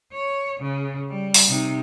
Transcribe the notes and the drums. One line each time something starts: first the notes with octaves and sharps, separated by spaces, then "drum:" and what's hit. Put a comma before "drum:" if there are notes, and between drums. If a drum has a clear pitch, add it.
C#5
C#3
G3
drum: open hi-hat
C3 D#4